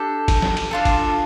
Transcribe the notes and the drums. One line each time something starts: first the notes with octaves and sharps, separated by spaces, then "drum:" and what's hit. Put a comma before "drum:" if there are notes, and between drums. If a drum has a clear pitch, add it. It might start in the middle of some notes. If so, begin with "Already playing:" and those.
Already playing: D4 G4 A4
drum: kick, cymbal
drum: snare
drum: cymbal
D4 F4 A4
drum: kick, cymbal